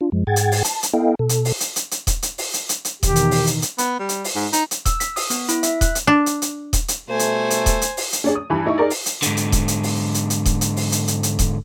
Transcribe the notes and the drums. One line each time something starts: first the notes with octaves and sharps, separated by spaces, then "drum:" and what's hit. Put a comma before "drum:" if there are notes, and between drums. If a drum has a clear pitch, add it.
D4 F4
F#2 F3 G#3
G#2 G#4 F#5 G5 G#6 A6
drum: hi-hat
drum: open hi-hat
A5, drum: hi-hat
drum: hi-hat
B3 E4 A4 D#5 F5 G5
B2 A4
drum: hi-hat
drum: open hi-hat
drum: hi-hat
drum: hi-hat
drum: hi-hat
drum: kick D#1, hi-hat
drum: hi-hat
drum: open hi-hat
drum: hi-hat
drum: hi-hat
drum: hi-hat
E2 B2 D#3 G4, drum: kick D#1, hi-hat
drum: hi-hat
drum: open hi-hat
drum: hi-hat
drum: hi-hat
B3, drum: hi-hat
G3
drum: hi-hat
drum: open hi-hat
G#2
D#4, drum: hi-hat
drum: hi-hat
E6, drum: kick D#1, hi-hat
B6, drum: hi-hat
D#6, drum: open hi-hat
B3, drum: hi-hat
E4, drum: hi-hat
E5, drum: hi-hat
F#6, drum: kick D#1, hi-hat
drum: hi-hat
D4
drum: hi-hat
drum: hi-hat
drum: kick D#1, hi-hat
drum: hi-hat
B2 G3 A3 C5 G#5
drum: hi-hat
drum: hi-hat
drum: kick D#1, hi-hat
drum: hi-hat
drum: open hi-hat
drum: hi-hat
C#4 D4 G#4
D#6
G2 E3 G#5 B5
D#4 E4 D#5 C#6
D#4 G#4 A#4 D5
drum: open hi-hat
drum: hi-hat
G#2 D3, drum: hi-hat
drum: hi-hat
drum: kick D#1, hi-hat
drum: hi-hat
drum: open hi-hat
drum: hi-hat
drum: hi-hat
drum: kick D#1, hi-hat
drum: hi-hat
drum: open hi-hat
drum: hi-hat
drum: hi-hat
drum: hi-hat
drum: kick D#1, hi-hat